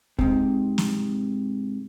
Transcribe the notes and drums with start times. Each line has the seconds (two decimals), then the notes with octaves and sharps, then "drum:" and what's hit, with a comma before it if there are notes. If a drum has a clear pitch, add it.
0.19 G#2 C3, drum: kick
0.78 drum: snare